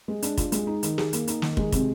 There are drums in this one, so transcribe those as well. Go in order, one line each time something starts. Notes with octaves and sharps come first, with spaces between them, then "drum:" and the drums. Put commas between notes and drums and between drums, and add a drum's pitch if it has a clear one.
G#3
D4, drum: hi-hat
F4, drum: kick, hi-hat
G#3, drum: hi-hat
D#4
D#3, drum: hi-hat
G#4, drum: snare
A#3, drum: hi-hat
D#4, drum: hi-hat
D#3, drum: snare
G#3, drum: kick
C3, drum: kick, hi-hat